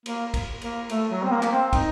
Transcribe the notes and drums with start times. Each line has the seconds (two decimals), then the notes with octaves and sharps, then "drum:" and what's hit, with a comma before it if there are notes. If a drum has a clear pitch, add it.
0.06 A#3, drum: cymbal
0.34 drum: kick, cymbal
0.62 A#3, drum: cymbal
0.90 A3, drum: cymbal
1.11 F#3
1.24 C4
1.31 A#3
1.43 A#3, drum: clap
1.52 C4
1.73 D#4, drum: kick, cymbal